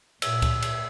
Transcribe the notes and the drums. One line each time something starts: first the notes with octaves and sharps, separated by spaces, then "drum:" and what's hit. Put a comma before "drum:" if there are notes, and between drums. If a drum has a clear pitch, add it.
A#2 E6, drum: cymbal
drum: kick C#2, cymbal
drum: cymbal